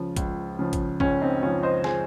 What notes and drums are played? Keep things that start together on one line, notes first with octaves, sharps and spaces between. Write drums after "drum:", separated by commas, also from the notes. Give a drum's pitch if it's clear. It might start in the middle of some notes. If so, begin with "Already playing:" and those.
Already playing: C#2 C#3 F3
C#2, drum: kick, hi-hat
C#3 F3
drum: kick, hi-hat
C#2 C#4, drum: kick
C4 D#4
C#3 F3 C#4 F4
C5 D#5
G#4 C5, drum: snare